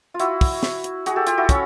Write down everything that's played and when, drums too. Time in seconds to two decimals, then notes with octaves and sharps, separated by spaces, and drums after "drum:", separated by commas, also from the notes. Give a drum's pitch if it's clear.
0.14 F4
0.20 E4 F#4, drum: hi-hat
0.41 drum: kick, open hi-hat
0.63 drum: snare
0.84 drum: hi-hat
1.06 F#4 G#4, drum: hi-hat
1.16 G4 A4
1.27 F4 G4, drum: hi-hat
1.38 E4 F#4
1.49 C#4, drum: kick, hi-hat